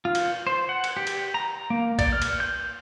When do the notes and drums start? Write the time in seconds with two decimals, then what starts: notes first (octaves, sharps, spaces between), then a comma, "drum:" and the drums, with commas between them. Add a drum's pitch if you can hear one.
0.05 F4
0.15 drum: cymbal
0.47 C5
0.69 F#5
0.84 drum: cymbal
0.97 G4
1.07 drum: cymbal
1.34 A#5
1.70 A#3
1.99 D5, drum: kick A#1, cymbal
2.13 F6
2.22 drum: cymbal
2.40 G6